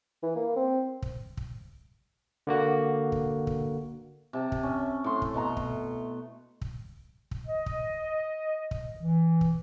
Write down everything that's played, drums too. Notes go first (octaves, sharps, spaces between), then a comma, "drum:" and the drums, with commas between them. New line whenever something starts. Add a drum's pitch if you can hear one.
E3
A#3
C4
drum: kick
drum: kick
D3 A#3 F#4
drum: kick
drum: kick
C3 A5
drum: kick
C#4 E5
A2 C6
drum: kick
B2 A3 A#5 C6
drum: kick
drum: kick
drum: kick
D#5
drum: kick
drum: kick
E3
drum: kick